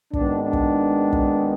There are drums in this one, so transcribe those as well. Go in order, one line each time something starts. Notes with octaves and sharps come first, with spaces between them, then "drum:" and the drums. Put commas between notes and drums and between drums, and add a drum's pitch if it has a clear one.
G#1 G#2 D#3 G#3 B3 D4, drum: kick
D4
drum: kick
drum: kick